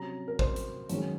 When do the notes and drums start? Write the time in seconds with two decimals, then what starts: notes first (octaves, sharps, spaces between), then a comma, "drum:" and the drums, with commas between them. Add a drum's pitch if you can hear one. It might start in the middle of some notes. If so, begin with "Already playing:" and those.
Already playing: C3 F#3 C#4 A#5
0.28 A#4
0.39 C5, drum: kick
0.56 drum: hi-hat
0.89 F#2 D#3 G#3 C#4, drum: hi-hat